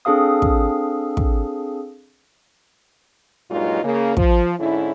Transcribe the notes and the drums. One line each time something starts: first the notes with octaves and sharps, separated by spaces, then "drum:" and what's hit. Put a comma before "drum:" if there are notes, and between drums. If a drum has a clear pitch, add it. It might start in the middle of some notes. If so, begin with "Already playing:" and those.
C4 D4 G#4 A4 F5 D#6
drum: kick
drum: kick
G2 A#2 F#3 G#3 D#4 F4
C#3 A#3
F3, drum: kick
G#2 D3 C#4 E4